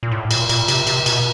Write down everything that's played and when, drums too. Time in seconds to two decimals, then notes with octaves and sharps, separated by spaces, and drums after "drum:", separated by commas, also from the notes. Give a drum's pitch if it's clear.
0.03 A#2
0.12 A2
0.31 A#2, drum: cymbal
0.49 A#2, drum: cymbal
0.68 C3, drum: cymbal
0.87 C3, drum: cymbal
1.06 B2, drum: cymbal